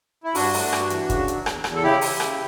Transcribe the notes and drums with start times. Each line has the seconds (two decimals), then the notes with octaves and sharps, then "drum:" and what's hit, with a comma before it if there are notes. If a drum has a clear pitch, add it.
0.24 E4
0.35 G2 D4 F#4, drum: open hi-hat
0.54 A3, drum: open hi-hat
0.73 G2, drum: rim click
0.90 E3, drum: hi-hat
1.10 C#3, drum: kick, hi-hat
1.28 F#3, drum: hi-hat
1.46 E2, drum: rim click
1.64 E2, drum: rim click
1.75 A4
1.83 C#3 E4 G4
2.01 E3, drum: open hi-hat
2.20 C#3, drum: rim click